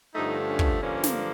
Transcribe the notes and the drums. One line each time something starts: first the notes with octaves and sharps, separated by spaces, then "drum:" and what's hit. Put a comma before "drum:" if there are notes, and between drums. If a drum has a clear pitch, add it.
G2 D3 F3 A3 D#4
C#4
drum: kick
G2 D3 F3 A#3 C#4
drum: snare